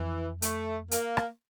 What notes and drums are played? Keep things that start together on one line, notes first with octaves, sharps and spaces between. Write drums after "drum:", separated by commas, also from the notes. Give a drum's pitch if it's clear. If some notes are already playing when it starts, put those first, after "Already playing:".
Already playing: F2 E3
A3, drum: hi-hat
A#3, drum: hi-hat
drum: rim click